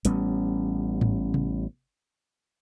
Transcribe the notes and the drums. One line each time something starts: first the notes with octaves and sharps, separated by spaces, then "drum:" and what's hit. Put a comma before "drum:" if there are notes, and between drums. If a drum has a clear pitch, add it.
A1 G3 B3 C#4, drum: hi-hat
drum: tom G#2
drum: tom C3